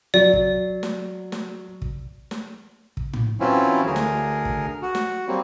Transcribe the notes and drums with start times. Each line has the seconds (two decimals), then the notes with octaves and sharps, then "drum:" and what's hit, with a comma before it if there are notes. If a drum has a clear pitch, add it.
0.14 F#3 D5
0.33 drum: kick
0.83 drum: snare
1.32 drum: snare
1.82 drum: kick
2.31 drum: snare
2.97 drum: kick
3.13 drum: tom A2
3.40 E3 F#3 C4 C#4 E4 F4
3.87 D2 G#4 A#4
3.96 drum: snare
4.45 drum: kick
4.82 F#4
4.95 drum: snare
5.28 F#3 G3 A#3 C4